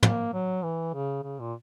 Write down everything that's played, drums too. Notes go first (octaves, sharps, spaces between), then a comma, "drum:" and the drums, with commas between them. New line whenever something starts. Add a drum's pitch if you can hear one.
A#3, drum: tom
F#3
E3
C#3
C#3
A#2